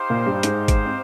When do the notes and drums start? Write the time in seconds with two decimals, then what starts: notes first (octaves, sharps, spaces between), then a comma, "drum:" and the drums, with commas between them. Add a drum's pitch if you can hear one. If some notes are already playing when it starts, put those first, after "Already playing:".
Already playing: D#4 G4 C5 F5
0.10 A#2 A#3
0.27 G2 G3
0.43 G#2 G#3, drum: hi-hat
0.68 drum: kick G#1, hi-hat
0.86 C4